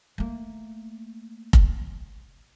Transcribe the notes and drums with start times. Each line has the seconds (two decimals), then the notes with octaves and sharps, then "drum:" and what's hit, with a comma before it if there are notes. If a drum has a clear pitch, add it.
0.18 A3 A#3
1.53 drum: kick F1